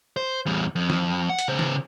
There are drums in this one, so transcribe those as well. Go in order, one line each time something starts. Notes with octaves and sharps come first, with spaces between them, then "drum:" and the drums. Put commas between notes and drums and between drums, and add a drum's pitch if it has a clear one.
C5
E2 G3
F2
drum: snare
F#5
drum: hi-hat
C#3 C5
drum: snare